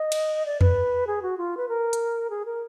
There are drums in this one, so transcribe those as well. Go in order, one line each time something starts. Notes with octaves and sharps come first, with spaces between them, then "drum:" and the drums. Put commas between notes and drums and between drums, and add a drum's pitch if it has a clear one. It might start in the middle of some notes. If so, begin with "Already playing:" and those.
Already playing: D#5
drum: cymbal
D5
B4, drum: tom E2
G#4
F#4
F4
B4
A#4
drum: hi-hat
G#4
A#4